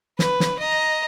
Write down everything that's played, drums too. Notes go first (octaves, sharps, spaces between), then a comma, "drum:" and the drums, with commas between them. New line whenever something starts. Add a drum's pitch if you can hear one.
B4, drum: snare
drum: snare
D#5 A#5